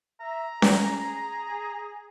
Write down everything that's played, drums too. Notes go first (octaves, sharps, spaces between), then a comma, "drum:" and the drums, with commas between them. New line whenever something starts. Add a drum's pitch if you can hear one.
E5 A#5
G#4, drum: snare C#4